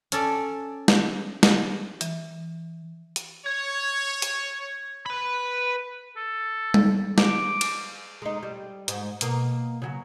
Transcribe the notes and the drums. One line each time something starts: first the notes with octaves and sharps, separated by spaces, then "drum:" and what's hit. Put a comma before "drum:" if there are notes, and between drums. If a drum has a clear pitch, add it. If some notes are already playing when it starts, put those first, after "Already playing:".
C#4 A4 D5, drum: hi-hat
drum: snare
drum: snare
E3, drum: hi-hat
drum: hi-hat
C#5 G#6
drum: hi-hat
B4 B5
A4
drum: tom G3
D6, drum: snare
drum: cymbal
G#3 D#4
G3
G#2, drum: hi-hat
B2 A#3 D#5, drum: hi-hat
C#3 F#3 F#4